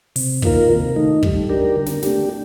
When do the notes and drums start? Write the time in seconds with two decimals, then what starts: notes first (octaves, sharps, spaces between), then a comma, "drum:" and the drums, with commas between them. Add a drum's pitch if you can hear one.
0.16 C3, drum: open hi-hat
0.42 D#3 A#3 F4 A#4, drum: kick
0.69 C3
0.96 D#3 A3 D#4
1.23 G3, drum: kick
1.49 D4 G4 A#4
1.76 D3
1.86 drum: snare
2.02 A3 D4 G4, drum: snare